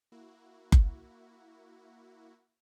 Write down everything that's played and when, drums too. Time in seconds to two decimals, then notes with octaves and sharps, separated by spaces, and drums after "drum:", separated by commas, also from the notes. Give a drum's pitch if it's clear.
0.12 A#3 E4 F#4
0.72 drum: kick F#1